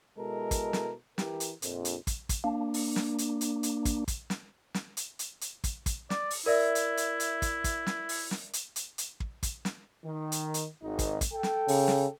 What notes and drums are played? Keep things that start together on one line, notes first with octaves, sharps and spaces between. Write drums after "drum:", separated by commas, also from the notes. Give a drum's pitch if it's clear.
B2 G#3 E4 A4 A#4
drum: kick, hi-hat
drum: snare
E3 G4 A#4, drum: snare
drum: hi-hat
A#1 F2, drum: hi-hat
drum: hi-hat
drum: kick, hi-hat
drum: kick, hi-hat
A#3 D4
drum: open hi-hat
drum: snare
drum: hi-hat
drum: hi-hat
drum: hi-hat
drum: kick, hi-hat
drum: kick, hi-hat
drum: snare
drum: snare
drum: hi-hat
drum: hi-hat
drum: hi-hat
drum: kick, hi-hat
drum: kick, hi-hat
D5, drum: snare
drum: open hi-hat
E4 A#4 D5 E5
drum: hi-hat
drum: hi-hat
drum: hi-hat
drum: kick, hi-hat
drum: kick, hi-hat
drum: snare
drum: open hi-hat
drum: snare
drum: hi-hat
drum: hi-hat
drum: hi-hat
drum: kick
drum: kick, hi-hat
drum: snare
D#3
drum: hi-hat
drum: hi-hat
G#1 D#4
drum: kick, hi-hat
drum: kick, hi-hat
A4 G5
drum: snare
C#3, drum: open hi-hat
drum: snare